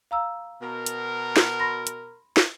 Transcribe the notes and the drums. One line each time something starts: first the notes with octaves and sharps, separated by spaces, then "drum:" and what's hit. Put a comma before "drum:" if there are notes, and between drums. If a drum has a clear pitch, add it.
F5 A#5 E6
B2 A#4
drum: hi-hat
drum: snare
B5 C6 A#6
drum: hi-hat
drum: snare